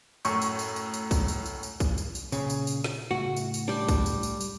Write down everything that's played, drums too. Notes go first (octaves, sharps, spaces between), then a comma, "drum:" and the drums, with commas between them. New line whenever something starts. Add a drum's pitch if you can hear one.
F#2 A2 C#6, drum: tambourine
drum: tambourine
drum: tambourine
drum: tambourine
drum: tambourine
drum: kick A#1, tambourine
drum: tambourine
drum: tambourine
drum: tambourine
drum: kick A#1, tambourine
drum: tambourine
drum: tambourine
A#2 C#3, drum: tambourine
drum: tambourine
drum: tambourine
drum: snare
A2 C#3 A3 F#4
drum: tambourine
drum: tambourine
G3 D4
drum: kick A#1, tambourine
drum: tambourine
drum: tambourine
drum: tambourine